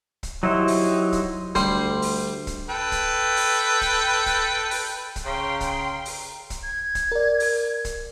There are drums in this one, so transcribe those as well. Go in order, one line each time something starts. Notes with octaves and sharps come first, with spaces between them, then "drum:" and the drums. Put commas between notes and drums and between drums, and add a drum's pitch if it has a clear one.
drum: kick, hi-hat
F#3 D#4 E4 G4 C5
drum: open hi-hat
drum: kick, hi-hat
D2 G3 C5, drum: kick, hi-hat
drum: open hi-hat
drum: kick, hi-hat
A4 B4 G5
drum: kick, hi-hat
drum: open hi-hat
drum: kick, hi-hat
drum: kick, hi-hat
drum: open hi-hat
drum: kick, hi-hat
C#3 G5 A#5 C6
drum: kick, hi-hat
drum: open hi-hat
drum: kick, hi-hat
G#6
drum: kick, hi-hat
A#4 D5
drum: open hi-hat
drum: kick, hi-hat